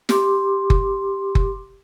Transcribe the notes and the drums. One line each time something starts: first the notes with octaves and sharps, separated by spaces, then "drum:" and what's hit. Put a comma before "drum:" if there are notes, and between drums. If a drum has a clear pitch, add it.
G4 C6 D6, drum: snare
drum: kick F#1
drum: kick F#1